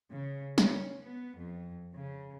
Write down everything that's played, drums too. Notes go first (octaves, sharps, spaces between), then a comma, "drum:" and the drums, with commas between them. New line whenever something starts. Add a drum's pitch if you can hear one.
C#3
C#4, drum: snare
B3
F2
C#3